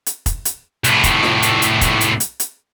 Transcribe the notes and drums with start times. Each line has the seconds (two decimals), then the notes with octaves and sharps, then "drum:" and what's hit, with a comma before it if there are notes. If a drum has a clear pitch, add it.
0.06 drum: hi-hat
0.26 drum: kick F1, hi-hat
0.45 drum: hi-hat
0.84 C2 A2, drum: hi-hat
1.04 drum: kick F1, hi-hat
1.23 drum: snare F4
1.42 drum: hi-hat
1.62 drum: hi-hat
1.81 drum: kick F1, hi-hat
2.01 drum: hi-hat
2.20 drum: hi-hat
2.40 drum: hi-hat